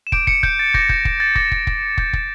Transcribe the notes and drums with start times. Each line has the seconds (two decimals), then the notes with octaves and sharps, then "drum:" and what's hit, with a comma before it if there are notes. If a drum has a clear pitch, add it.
0.07 E7
0.12 D6 G6 D7, drum: kick
0.27 C#7, drum: kick
0.43 G6, drum: kick
0.59 A6
0.74 D6 G6 A#6, drum: kick
0.89 G6, drum: kick
1.05 drum: kick
1.20 A6
1.35 D6 G6 A#6, drum: kick
1.52 drum: kick
1.67 drum: kick
1.98 D6 G6, drum: kick
2.13 drum: kick